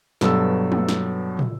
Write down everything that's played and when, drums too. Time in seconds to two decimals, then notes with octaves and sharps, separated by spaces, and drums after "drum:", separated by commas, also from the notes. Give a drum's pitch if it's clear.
0.21 G2 B2 F#3 A4 E6, drum: snare
0.72 drum: tom
0.89 drum: snare
1.39 drum: tom